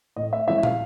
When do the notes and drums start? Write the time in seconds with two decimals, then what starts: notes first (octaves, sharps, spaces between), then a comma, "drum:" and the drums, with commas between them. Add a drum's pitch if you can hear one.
0.16 A2 D#5
0.33 E5
0.48 F3 G#3 C#4 E4 E5
0.63 F5, drum: tom